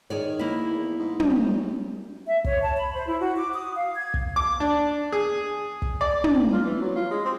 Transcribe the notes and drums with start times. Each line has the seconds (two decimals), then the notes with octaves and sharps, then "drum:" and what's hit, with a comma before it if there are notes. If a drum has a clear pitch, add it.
0.10 D#3 G#4 C#5 D5
0.39 A#3 E4
0.70 E2
0.99 G#2
1.20 F#2 G3, drum: tom
2.26 E5
2.44 C#5, drum: kick
2.61 A5
2.77 B5
2.93 C5
3.06 E4
3.20 F#4
3.35 D6
3.53 D#6
3.75 F5
3.95 G#6
4.14 drum: kick
4.36 D6
4.60 D4
5.12 G#4
5.82 drum: kick
6.01 D5
6.24 drum: tom
6.53 F4
6.65 E3
6.81 F#3
6.96 F4
7.11 G#3
7.25 C4